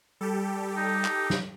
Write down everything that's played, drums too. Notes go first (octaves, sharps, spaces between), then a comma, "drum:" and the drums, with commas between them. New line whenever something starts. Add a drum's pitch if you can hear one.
G3 G4 A4
D#4
drum: clap
drum: snare